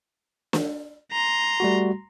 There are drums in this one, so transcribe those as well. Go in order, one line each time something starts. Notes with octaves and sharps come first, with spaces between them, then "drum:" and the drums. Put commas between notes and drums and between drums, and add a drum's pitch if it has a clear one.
drum: snare
A#5 C6
G3 A3 F#4